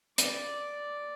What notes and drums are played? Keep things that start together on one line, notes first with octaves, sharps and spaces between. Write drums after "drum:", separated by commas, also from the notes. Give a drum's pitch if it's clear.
D5, drum: hi-hat